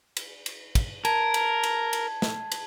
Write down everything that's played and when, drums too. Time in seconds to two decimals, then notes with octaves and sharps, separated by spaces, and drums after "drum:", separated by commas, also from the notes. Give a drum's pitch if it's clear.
0.17 drum: cymbal
0.46 drum: cymbal
0.75 drum: kick, cymbal
1.05 A#4 A5 G#6, drum: cymbal
1.34 drum: cymbal
1.63 drum: cymbal
1.93 drum: cymbal
2.22 drum: snare
2.52 drum: cymbal